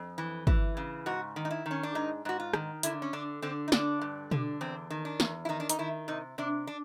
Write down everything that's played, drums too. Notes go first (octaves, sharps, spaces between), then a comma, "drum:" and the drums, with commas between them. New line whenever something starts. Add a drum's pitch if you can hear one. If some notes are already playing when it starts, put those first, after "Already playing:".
Already playing: F2
E3
E3, drum: kick
C#3
G#2 F#4
D#3
D#4
E4
D#3
C#4
D4
G#2 D#4
G#2 F#4
F4
D#3, drum: rim click
D3 E4, drum: hi-hat
C#4
D3 D4
D3 C4
D#4
D3 D4, drum: snare
G2
D3, drum: tom B2
E2 C4
D#3
D4
E2, drum: snare
E4
D#3 D#4
D4
D#4, drum: hi-hat
D#3 E4
C3 D#4
C3 D4
D4